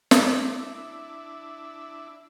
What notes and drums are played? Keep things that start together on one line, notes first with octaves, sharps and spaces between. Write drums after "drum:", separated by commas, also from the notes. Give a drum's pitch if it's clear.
D4 E4, drum: snare